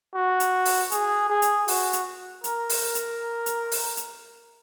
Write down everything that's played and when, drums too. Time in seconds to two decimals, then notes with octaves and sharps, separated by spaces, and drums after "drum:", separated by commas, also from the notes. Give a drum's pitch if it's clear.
0.14 F#4
0.40 drum: hi-hat
0.65 drum: open hi-hat
0.91 G#4, drum: hi-hat
1.29 G#4
1.42 drum: hi-hat
1.68 F#4, drum: open hi-hat
1.93 drum: hi-hat
2.44 A#4, drum: hi-hat
2.69 drum: open hi-hat
2.95 drum: hi-hat
3.46 drum: hi-hat
3.72 drum: open hi-hat
3.97 drum: hi-hat